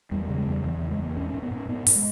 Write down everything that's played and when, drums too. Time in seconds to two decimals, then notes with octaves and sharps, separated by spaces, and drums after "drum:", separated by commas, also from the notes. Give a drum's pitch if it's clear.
0.11 E2 G3
0.25 C#3 G3
0.38 G#3
0.47 E2 G3
0.64 E2 E3
0.77 C#3 E3
0.90 G#3
0.99 E2 A#3
1.17 G#2 C#4
1.29 G#2 C#4
1.42 B3
1.51 G#2 C#4
1.68 G#2 B3
1.87 G#2, drum: open hi-hat
1.95 G#3